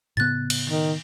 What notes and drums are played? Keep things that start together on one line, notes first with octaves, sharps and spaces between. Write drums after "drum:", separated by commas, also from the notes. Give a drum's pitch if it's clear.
A2 C#3 B3 F#6 A6
drum: cymbal
D#3